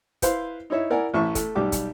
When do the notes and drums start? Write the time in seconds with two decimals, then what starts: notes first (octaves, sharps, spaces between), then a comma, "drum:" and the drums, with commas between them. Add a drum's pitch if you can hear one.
0.22 E4 B4 C5 F5, drum: kick, hi-hat
0.70 D#4 E4 C#5 E5
0.90 E4 A#4 D5 F#5 G#5
1.14 A1 A2 E5 C#6
1.35 A3, drum: kick, hi-hat
1.55 B1 G3 G4 D6
1.72 drum: kick, hi-hat